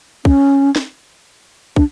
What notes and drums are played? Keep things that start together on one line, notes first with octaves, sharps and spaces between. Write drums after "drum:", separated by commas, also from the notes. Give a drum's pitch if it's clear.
C#4, drum: kick
drum: snare
D4, drum: kick